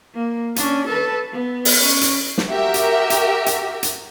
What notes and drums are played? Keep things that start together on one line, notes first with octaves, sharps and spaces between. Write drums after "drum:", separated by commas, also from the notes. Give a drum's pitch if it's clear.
A#3
C#4 D4, drum: hi-hat
A4 B4
B3
drum: open hi-hat
C#4
drum: hi-hat
drum: snare
F#4 G4 A#4 E5
drum: hi-hat
drum: hi-hat
drum: hi-hat
drum: hi-hat